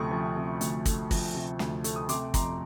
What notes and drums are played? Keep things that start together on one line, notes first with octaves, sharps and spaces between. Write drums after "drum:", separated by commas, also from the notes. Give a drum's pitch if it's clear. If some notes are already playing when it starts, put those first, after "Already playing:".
Already playing: D2 C3 F3 A3 C#6 D#6
F3
C3
D2, drum: hi-hat
A3, drum: kick, hi-hat
F3, drum: kick, open hi-hat
C3
D2, drum: snare
A3, drum: hi-hat
D#6
C3 C6 D6, drum: hi-hat
F2 A#5 C6, drum: kick, hi-hat